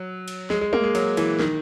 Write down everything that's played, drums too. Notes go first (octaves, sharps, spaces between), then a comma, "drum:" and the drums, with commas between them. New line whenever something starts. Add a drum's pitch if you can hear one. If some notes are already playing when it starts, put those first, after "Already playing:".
Already playing: F#3
drum: cymbal
G#3, drum: snare
G#3
A#3, drum: tom
G#3
F#3, drum: cymbal
E3, drum: cymbal
D#3, drum: snare